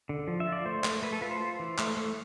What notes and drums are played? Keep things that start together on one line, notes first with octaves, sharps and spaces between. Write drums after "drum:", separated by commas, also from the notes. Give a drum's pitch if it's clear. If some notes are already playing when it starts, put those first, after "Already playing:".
D3
F3
E5
F4
D5
A3 C5
A3, drum: clap
A3 B4
A4
F4 B4
C5
F4
E3
A3, drum: clap
A3